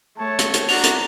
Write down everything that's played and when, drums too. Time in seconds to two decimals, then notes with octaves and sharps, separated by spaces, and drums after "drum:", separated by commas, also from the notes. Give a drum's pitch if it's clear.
0.18 A3 C#5 A5
0.39 drum: hi-hat
0.54 drum: hi-hat
0.69 D4 F#4 A#5 F7, drum: open hi-hat
0.84 drum: hi-hat